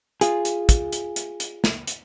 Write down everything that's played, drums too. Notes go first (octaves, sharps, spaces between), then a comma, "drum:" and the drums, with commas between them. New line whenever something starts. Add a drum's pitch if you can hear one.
F4 G#4, drum: hi-hat
drum: hi-hat
drum: kick, hi-hat
drum: hi-hat
drum: hi-hat
drum: hi-hat
drum: snare
drum: hi-hat